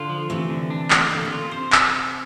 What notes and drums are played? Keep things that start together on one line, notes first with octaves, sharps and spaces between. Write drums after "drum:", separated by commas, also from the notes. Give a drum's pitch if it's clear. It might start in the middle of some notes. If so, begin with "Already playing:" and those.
Already playing: D3 F4
F3
C3 E3 A3
D3
D4
A3, drum: clap
D3 A#3
C3
D3
F4
C3 C5
drum: clap